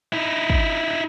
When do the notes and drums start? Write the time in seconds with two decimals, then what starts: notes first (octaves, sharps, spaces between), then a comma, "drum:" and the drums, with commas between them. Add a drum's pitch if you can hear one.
0.12 D#4 E4
0.50 drum: kick